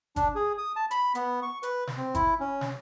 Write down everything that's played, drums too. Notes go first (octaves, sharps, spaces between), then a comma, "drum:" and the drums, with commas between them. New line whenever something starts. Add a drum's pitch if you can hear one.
D4, drum: kick G1, hi-hat
G#4
D#6
A5
B5, drum: hi-hat
B3, drum: hi-hat
C#6
B4, drum: hi-hat
drum: snare
C4
E4, drum: kick G1, hi-hat
C#4
drum: snare